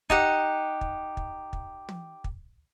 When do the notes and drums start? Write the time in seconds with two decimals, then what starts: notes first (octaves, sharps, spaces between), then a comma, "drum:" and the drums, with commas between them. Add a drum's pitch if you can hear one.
0.10 D#4 G4 F#5, drum: kick
0.81 drum: kick
1.17 drum: kick
1.53 drum: kick
1.89 drum: tom
2.24 drum: kick